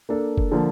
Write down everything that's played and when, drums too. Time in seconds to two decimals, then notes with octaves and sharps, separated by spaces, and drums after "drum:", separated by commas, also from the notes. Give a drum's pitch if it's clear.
0.09 A#3 D4 A4
0.38 drum: kick
0.52 D3 F3 A#3